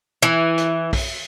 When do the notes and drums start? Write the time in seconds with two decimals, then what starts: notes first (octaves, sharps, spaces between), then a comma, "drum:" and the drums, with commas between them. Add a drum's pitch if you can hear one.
0.23 E3
0.58 drum: hi-hat
0.93 drum: kick, open hi-hat